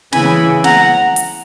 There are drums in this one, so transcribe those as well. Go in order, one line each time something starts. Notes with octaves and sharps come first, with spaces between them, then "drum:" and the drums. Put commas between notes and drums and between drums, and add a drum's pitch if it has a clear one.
C#3 E3 G#5 B5, drum: snare
F#5 A#5, drum: snare
drum: hi-hat